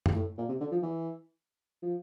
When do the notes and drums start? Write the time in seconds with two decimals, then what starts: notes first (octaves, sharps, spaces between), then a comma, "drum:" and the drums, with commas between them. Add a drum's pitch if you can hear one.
0.06 drum: tom F#2
0.15 A2
0.38 A#2
0.48 C3
0.60 D3
0.71 F3
0.82 E3
1.82 F3